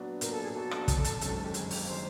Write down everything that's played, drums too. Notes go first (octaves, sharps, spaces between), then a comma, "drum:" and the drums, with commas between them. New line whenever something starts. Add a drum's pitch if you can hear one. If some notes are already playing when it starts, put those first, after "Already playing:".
Already playing: A#2 F#3 B3 D4 F#4
A#2 A#4, drum: hi-hat
A4
G#4
F#3 B3 D4 F#4 A4
drum: rim click
F#1, drum: kick, hi-hat
drum: hi-hat
F#2 D#3 G#3 C4, drum: hi-hat
G4
F#1 G#4, drum: hi-hat
G4, drum: open hi-hat
D#3 G#3 C4 C5